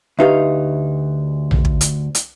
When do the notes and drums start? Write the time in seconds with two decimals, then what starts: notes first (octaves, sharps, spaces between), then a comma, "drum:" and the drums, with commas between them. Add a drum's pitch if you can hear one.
0.19 D2 D#4 G4 B4 E5 F5
1.51 drum: tom A#1
1.65 drum: kick
1.81 drum: hi-hat
2.15 drum: hi-hat